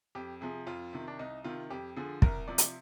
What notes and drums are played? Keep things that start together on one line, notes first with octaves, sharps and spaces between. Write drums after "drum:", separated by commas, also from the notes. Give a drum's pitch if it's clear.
F2 G4
C3 F3 G#4
F2 F4
C3 D#3
D4
C2 D#4
C3 D#3 F4
F2 G4
D3 F3 G#4
C2 A#4, drum: kick
C3 F3 D5
drum: hi-hat